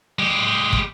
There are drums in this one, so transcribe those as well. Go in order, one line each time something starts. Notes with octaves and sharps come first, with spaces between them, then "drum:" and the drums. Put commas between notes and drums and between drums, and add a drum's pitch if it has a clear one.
G#3 G4
drum: kick